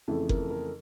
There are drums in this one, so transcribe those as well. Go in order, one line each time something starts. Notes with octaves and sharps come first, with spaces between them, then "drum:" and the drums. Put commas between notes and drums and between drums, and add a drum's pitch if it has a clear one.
F2 C#3 E3 A3
A#4, drum: kick F#1
A#4